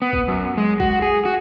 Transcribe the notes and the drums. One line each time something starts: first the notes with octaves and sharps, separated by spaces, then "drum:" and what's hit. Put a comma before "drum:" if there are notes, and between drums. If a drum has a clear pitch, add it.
B3
drum: kick
F#2
G#3
F#4, drum: kick
G#4
F#4